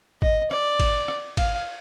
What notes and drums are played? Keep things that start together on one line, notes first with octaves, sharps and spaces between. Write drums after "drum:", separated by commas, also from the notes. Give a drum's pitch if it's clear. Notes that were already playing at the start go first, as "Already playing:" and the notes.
D#5, drum: kick G#1
D5, drum: rim click
drum: kick G#1, cymbal
drum: rim click
F5, drum: kick G#1, cymbal